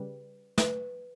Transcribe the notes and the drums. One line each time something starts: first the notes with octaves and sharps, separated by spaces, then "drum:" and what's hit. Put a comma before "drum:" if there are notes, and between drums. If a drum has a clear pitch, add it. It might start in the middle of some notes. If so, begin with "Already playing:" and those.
Already playing: C#3 G3 B4
B4, drum: snare